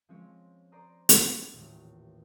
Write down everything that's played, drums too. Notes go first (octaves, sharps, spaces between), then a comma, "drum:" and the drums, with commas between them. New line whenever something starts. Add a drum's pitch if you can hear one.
F3 G#3 C4 C#4 C#5
C5 D5 A#5 D#6
drum: hi-hat
D#1 A1